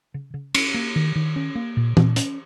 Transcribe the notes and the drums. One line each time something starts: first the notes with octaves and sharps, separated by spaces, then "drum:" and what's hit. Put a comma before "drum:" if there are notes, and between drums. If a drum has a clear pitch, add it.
C#3
C#3
C#4, drum: cymbal
A#3
D#3
D#3
C#4
A#3
A#2
A#2, drum: tom
C#4, drum: hi-hat